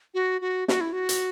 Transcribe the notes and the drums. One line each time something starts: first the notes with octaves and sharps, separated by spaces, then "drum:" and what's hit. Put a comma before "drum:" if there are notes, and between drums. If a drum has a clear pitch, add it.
F#4
F#4
F#4, drum: snare
E4
F#4
drum: hi-hat